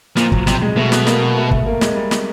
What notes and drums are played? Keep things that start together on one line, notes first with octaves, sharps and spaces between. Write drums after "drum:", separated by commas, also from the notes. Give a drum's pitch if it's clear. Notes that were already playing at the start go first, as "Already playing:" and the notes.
A#2 F3, drum: snare
F#3, drum: kick
C3 G3, drum: snare
G#3
B2 A3
drum: snare
A#3, drum: snare
A3
A3, drum: kick
A#3
G#3, drum: snare
G3
drum: snare